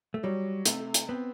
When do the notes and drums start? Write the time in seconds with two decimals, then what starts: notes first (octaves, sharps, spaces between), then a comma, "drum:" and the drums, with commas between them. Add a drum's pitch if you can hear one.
0.14 A3
0.23 F#3 G3
0.65 C3 A3, drum: hi-hat
0.94 drum: hi-hat
1.08 B3 C4